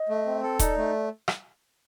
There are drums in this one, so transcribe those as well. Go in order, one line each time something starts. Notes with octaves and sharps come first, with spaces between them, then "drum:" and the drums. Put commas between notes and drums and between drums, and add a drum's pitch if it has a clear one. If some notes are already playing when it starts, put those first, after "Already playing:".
Already playing: D#5
A3
C4
A4
D#4 D5, drum: kick D#1, hi-hat
A3
drum: rim click